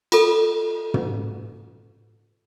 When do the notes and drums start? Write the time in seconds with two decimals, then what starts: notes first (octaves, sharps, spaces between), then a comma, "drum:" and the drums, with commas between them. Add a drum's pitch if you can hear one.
0.12 F4 A4, drum: cymbal
0.94 drum: tom